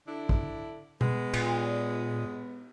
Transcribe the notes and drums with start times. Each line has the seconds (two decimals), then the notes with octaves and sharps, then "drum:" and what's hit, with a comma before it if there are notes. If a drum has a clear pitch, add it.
0.07 D3 D4 E4
0.29 drum: kick
1.01 G#3 B3, drum: tom B2
1.33 A#2, drum: cymbal